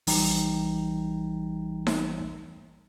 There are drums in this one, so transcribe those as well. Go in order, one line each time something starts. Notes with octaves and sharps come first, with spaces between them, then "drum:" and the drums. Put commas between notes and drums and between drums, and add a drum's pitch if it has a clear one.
A1 E3 G3 D#4 G5 A#5, drum: open hi-hat
drum: snare D#4